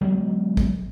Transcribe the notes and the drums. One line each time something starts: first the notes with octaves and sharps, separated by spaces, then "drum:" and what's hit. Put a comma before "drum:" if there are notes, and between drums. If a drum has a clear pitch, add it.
F#3 G#3 B3
drum: kick